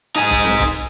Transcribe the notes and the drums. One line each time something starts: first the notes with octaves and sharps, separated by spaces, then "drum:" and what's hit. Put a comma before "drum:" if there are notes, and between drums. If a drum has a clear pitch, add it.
D#4 G#5
drum: kick, hi-hat
drum: snare
drum: kick, open hi-hat
drum: hi-hat